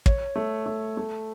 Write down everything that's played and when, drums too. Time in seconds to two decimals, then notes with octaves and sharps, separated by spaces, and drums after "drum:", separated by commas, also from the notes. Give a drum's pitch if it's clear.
0.06 C#5, drum: kick
0.36 A3
0.66 A3
0.97 A3